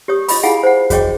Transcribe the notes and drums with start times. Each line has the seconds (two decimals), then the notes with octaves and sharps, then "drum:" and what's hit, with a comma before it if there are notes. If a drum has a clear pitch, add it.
0.08 G4 C#5 D#6
0.28 F4 D#5 B5, drum: open hi-hat
0.43 E4 F4 G#4 F5 F#5 G#5
0.63 C5 F#5
0.90 F#4 G#4 C#5 D#5 G5 D6, drum: kick E2, hi-hat